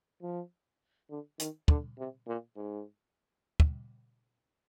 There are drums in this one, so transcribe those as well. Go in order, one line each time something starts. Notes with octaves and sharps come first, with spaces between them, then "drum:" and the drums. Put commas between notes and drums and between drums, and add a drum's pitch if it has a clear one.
F3
D3
D#3, drum: hi-hat
D3, drum: kick
C3
A#2
G#2
drum: kick